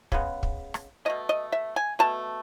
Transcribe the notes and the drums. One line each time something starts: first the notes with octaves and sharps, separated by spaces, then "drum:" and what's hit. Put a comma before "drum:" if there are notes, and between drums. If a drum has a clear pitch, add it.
C#3 G#3 B3, drum: kick
drum: kick
drum: rim click
B2 A3 C#4 D#5
D#5
E5
G#5
B2 A3 A5